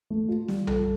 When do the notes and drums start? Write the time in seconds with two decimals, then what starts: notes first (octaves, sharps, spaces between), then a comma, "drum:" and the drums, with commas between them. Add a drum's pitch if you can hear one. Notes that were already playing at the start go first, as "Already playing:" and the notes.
0.10 A3
0.28 F4
0.48 G3, drum: snare
0.67 A4, drum: tom B1